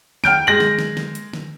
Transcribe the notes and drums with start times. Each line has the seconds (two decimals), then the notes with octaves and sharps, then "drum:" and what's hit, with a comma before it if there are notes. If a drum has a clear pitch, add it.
0.24 G5 F6 G6 D7, drum: snare
0.47 G#3 A#6 F#7
0.60 drum: snare
0.79 drum: snare
0.97 drum: snare
1.15 drum: hi-hat
1.33 drum: snare